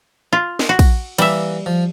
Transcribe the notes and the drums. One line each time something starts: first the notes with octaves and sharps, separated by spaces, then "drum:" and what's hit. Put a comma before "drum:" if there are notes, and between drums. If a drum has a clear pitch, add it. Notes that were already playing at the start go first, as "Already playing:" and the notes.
F4
drum: snare
F#4
drum: kick, cymbal
E3 G3 A#3 E5, drum: cymbal
F3